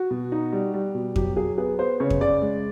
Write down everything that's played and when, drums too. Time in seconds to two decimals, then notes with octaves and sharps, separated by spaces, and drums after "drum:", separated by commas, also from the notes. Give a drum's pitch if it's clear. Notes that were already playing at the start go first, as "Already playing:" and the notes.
Already playing: F#4
0.11 B2
0.32 D#4
0.53 G3
0.74 G3
0.95 B2
1.16 F#3 G4, drum: kick F2
1.37 F#3 G#4
1.58 B3 G#4
1.79 B3 C5
2.00 C#3 C#5
2.10 drum: kick F2
2.21 C#3 D5
2.42 G#3